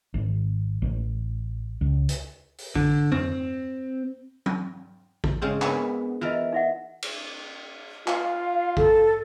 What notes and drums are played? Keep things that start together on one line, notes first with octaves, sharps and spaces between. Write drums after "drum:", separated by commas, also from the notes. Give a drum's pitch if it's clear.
G#1
A1
C#2
drum: hi-hat
drum: open hi-hat
D3, drum: kick
C4, drum: tom F2
drum: tom F#3
drum: kick
C#3 G#3 C4
B3 D4 A#4, drum: clap
E3 F4 A#4 D#5
D#4 E5 F#5
drum: cymbal
F4 F5, drum: clap
A4, drum: kick